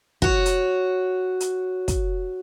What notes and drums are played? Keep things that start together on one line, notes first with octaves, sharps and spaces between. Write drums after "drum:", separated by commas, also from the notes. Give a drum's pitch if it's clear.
F#4 C#5, drum: kick
drum: hi-hat
drum: hi-hat
drum: kick, hi-hat